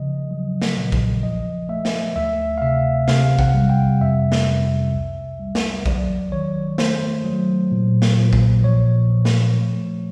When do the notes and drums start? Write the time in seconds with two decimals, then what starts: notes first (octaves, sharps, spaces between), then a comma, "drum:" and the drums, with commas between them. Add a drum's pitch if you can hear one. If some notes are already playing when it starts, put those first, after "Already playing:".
Already playing: C#3 F3 D#5
0.31 F#3
0.62 drum: snare
0.77 A#2
0.92 drum: kick A#1
1.23 F3 D#5
1.69 A3 E5
1.85 drum: snare
2.16 D2 E5
2.58 F5
2.61 C3 E5
3.08 C3 F5, drum: snare
3.39 F#5, drum: kick A#1
3.54 G3
3.70 G5
4.01 F2 E5
4.32 drum: snare
4.46 F2
4.93 C2
5.40 G3
5.55 drum: snare
5.86 F#3 D5, drum: kick A#1
6.32 D#3 C#5
6.78 A3 C5, drum: snare
7.24 F#3
7.72 A#2
8.02 drum: snare
8.17 A#2
8.33 drum: kick A#1
8.63 F3 C#5
9.10 F3
9.25 drum: snare
9.56 A3